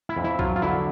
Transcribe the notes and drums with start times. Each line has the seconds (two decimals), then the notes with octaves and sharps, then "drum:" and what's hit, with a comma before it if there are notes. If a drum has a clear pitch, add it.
0.09 E4
0.16 F2
0.24 E4
0.39 F#3 F4, drum: kick B1
0.56 F4
0.62 D3 E4